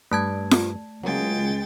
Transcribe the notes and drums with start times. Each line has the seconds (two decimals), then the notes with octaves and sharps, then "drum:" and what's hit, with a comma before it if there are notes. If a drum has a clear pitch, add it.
0.12 G2 A3 A5 G#6
0.51 drum: snare F4
1.03 C#2 F#3 G#3 A#3 G5 A6